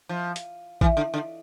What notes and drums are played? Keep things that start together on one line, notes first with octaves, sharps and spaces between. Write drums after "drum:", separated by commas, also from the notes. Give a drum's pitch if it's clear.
F3
drum: hi-hat
E3, drum: kick
D3
D3